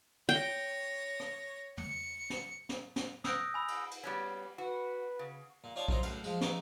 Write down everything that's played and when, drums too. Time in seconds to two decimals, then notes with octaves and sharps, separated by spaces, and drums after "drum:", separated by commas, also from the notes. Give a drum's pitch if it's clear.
0.29 C#5 G5 A#6
1.20 drum: rim click
1.77 C#7, drum: tom
2.30 drum: snare
2.69 drum: snare
2.96 drum: snare
3.24 D#6 E6 F#6 G6 A#6 D7, drum: snare
3.54 G#5 B5 E6
3.68 drum: cymbal
3.91 drum: cymbal
4.03 G3 B3 C#4
4.58 F#4 B4
5.19 C#3
5.64 A#2
5.76 D#4 F4 C#5 D5 G#5 A5
5.88 A#2 F#3 E4 F4 C5 D#5, drum: kick B1
6.03 F#2 A2 F5, drum: cymbal
6.24 F3 G#3, drum: tambourine
6.41 A#1 E3 B3 D#4 C#6 D6, drum: snare